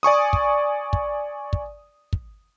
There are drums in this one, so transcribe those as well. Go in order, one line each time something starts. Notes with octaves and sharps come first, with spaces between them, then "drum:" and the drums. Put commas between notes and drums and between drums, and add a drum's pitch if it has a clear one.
D5 G#5 C#6 D#6
drum: kick
drum: kick
drum: kick
drum: kick